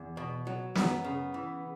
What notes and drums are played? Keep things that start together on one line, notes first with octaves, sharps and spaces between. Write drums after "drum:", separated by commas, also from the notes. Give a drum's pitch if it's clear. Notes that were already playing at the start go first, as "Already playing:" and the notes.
Already playing: E2
B2
F#3
F#2 B3, drum: snare
C#3
E3